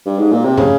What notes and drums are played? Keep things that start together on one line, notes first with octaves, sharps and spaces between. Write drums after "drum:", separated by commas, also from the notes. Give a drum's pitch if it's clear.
G2
G#2
A#2
C3
C#3, drum: tom